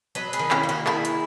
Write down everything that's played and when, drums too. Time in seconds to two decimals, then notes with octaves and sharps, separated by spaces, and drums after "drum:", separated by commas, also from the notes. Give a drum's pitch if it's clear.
0.15 F#3 B4 D#5, drum: hi-hat
0.33 G#4 B4, drum: hi-hat
0.39 D#3
0.51 C#4 E4, drum: clap
0.63 A#3
0.69 F#4 A#4, drum: hi-hat
0.87 D#3 E4 G#4, drum: clap
1.05 drum: hi-hat